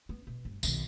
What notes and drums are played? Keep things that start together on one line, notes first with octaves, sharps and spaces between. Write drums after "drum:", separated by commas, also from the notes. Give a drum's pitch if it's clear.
B3
B2
G1
B1 D#3, drum: tambourine